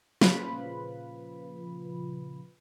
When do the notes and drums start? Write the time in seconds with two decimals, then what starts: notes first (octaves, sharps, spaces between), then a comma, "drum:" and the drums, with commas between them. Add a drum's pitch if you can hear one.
0.21 A#2 C#3 F3 F4 B4 B5, drum: snare